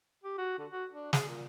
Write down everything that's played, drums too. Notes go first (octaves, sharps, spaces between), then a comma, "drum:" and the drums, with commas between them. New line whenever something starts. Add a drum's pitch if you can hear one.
G4
F#4
D3
F#4
D4
G#4, drum: snare
A#2